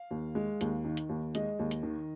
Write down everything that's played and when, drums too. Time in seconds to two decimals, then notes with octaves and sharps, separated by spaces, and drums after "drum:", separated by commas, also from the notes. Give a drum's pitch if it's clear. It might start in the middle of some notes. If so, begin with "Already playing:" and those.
Already playing: F5
0.11 D#2
0.35 G#3
0.61 D#2, drum: hi-hat
0.85 D#3
0.97 drum: hi-hat
1.09 D#2
1.35 G#3 D#5, drum: hi-hat
1.59 D#2
1.71 drum: hi-hat
1.83 D#3